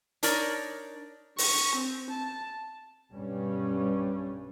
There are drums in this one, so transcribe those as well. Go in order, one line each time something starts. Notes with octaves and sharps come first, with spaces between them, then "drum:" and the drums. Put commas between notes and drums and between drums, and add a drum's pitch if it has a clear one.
D4 D#4 A#4 C#5 D5, drum: hi-hat
C#6, drum: open hi-hat
C4
A5
B1 G2 G3 C#4